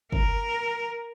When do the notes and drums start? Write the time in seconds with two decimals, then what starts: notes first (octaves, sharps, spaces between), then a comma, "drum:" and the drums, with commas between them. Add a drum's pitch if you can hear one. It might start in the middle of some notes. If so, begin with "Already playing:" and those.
0.12 A#4, drum: kick